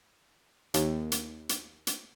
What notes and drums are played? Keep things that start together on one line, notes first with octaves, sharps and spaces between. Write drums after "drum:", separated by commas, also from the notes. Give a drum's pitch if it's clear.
D#2, drum: hi-hat
drum: hi-hat
drum: hi-hat
drum: hi-hat